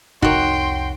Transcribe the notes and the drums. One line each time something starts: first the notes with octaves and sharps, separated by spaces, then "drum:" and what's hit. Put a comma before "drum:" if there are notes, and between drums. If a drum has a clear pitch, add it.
C2 F2 D#4 F#4 A#4 C#5 G5 C6, drum: kick